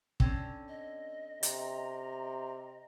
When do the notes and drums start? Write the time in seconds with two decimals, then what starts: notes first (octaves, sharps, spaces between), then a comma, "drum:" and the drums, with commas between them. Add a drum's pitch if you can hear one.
0.20 D3 C4 C#4, drum: kick
0.68 D#5
1.43 C3 A#5, drum: hi-hat